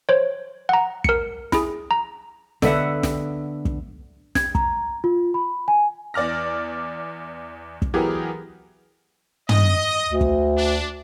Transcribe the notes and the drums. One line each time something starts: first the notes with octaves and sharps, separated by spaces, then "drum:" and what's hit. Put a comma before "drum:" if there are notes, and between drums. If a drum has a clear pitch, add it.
C5 C#5
F#5 A#5
A#4 C#7, drum: kick
E4 G#4, drum: snare
A#5
D3 B3 E5 F#5, drum: snare
drum: snare
drum: kick
G#6, drum: snare
A#5, drum: kick
F4
B5
G#5
E2 D5 D6 F6 A#6
drum: kick
E3 F#3 B3 G4 G#4 A#4
D#5, drum: tom
D2
drum: kick
D4